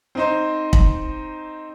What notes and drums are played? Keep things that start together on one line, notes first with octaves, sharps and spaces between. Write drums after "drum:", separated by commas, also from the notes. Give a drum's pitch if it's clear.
C4 D#4 C5
drum: kick